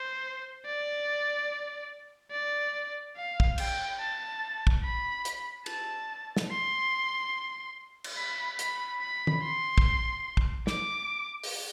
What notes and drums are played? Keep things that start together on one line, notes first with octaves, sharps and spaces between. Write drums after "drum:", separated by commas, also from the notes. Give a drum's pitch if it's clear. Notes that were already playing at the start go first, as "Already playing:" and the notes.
Already playing: C5
D5
D5
F5
drum: kick
G5, drum: cymbal
A5
drum: kick
B5
drum: hi-hat
A5, drum: cymbal
drum: snare
C6
drum: cymbal
B5
B5, drum: hi-hat
B5
drum: tom
C6
drum: kick
drum: kick
D6, drum: snare
drum: open hi-hat